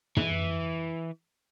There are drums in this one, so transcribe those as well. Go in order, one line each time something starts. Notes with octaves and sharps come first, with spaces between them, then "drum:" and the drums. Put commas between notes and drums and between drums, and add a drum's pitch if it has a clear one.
E3, drum: tom